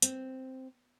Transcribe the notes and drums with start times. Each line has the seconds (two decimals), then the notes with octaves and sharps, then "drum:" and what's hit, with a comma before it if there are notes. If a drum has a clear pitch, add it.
0.02 C4, drum: hi-hat